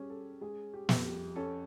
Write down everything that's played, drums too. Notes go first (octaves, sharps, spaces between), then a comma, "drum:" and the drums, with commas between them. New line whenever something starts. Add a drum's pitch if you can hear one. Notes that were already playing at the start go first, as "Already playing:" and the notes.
Already playing: G3 C#4 G4 G#4
A4
G#3 G#4
G4
F2, drum: snare
G4
C#4 A4